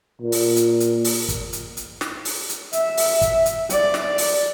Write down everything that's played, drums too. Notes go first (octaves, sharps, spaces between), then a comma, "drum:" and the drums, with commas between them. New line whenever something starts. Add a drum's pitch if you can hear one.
A#2
drum: open hi-hat
drum: hi-hat
drum: hi-hat
drum: open hi-hat
drum: kick, hi-hat
drum: hi-hat
drum: hi-hat
drum: snare
drum: open hi-hat
drum: hi-hat
E5, drum: hi-hat
drum: open hi-hat
drum: kick, hi-hat
drum: hi-hat
D5, drum: hi-hat
drum: snare
drum: open hi-hat